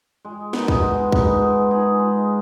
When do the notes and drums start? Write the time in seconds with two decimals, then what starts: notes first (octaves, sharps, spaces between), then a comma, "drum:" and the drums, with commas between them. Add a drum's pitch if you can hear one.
0.25 G#3
0.53 B3 D#4, drum: snare
0.68 drum: kick
0.83 G#3
1.12 B3 D#4, drum: kick
1.41 G#3
1.71 D#4 G#4
1.99 G#3